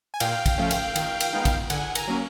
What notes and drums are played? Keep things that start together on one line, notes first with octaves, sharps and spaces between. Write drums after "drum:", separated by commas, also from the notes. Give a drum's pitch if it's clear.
G#5
A#2 F5 G5, drum: cymbal
drum: kick, cymbal
F3 A3 C#4
drum: cymbal
D#3, drum: cymbal
drum: cymbal
G#3 B3 D#4
drum: kick, cymbal
D3 F#5 G#5, drum: cymbal
G#5 A#5, drum: cymbal
F#3 A#3 C#4